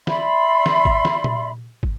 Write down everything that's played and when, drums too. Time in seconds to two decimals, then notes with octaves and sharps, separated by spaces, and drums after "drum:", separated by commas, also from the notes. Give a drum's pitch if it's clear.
0.07 D5 E5 B5 C6, drum: snare
0.66 drum: snare
0.85 drum: kick
1.05 drum: snare
1.24 drum: tom A#2
1.83 drum: kick